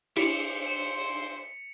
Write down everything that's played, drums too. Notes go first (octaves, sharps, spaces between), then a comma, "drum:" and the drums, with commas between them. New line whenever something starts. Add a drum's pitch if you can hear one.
E4 G4 C5 B6 C#7 D7 F7, drum: cymbal